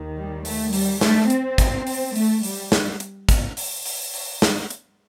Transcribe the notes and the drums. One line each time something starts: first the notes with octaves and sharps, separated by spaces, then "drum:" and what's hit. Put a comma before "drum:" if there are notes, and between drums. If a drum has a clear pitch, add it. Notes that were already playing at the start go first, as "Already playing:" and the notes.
Already playing: D#2 D#3
G3
A3, drum: open hi-hat
G3, drum: open hi-hat
A3, drum: snare
C4, drum: hi-hat
drum: kick, hi-hat
drum: open hi-hat
A3, drum: open hi-hat
G3, drum: open hi-hat
drum: snare
drum: hi-hat
drum: kick, hi-hat
drum: open hi-hat
drum: open hi-hat
drum: open hi-hat
drum: snare
drum: hi-hat